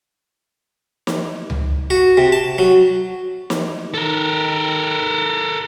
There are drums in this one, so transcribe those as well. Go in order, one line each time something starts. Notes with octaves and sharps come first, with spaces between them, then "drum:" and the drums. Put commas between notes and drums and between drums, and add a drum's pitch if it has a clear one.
drum: snare
drum: tom C#2
F#4
C3
A5
F#3
drum: snare
D#3 A4 A#4